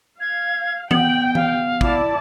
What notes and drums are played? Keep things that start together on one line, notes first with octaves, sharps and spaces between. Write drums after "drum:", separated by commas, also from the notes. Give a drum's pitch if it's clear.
F5 G#6
B3 G5 F#7, drum: tom E3
F5, drum: tom E3
E4 D5 A5, drum: kick